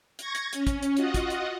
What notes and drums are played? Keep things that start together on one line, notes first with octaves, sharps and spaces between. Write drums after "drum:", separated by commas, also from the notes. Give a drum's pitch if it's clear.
C#6 G#6 A#6, drum: hi-hat
drum: hi-hat
C#4, drum: hi-hat
drum: kick, hi-hat
drum: hi-hat
F4 F#4 D#5 F#5, drum: hi-hat
drum: kick, hi-hat
drum: hi-hat